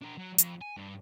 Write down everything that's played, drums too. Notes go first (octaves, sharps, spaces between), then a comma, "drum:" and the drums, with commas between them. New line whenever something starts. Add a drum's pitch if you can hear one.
D4 A#4
F#3
F2, drum: hi-hat
G#5
G2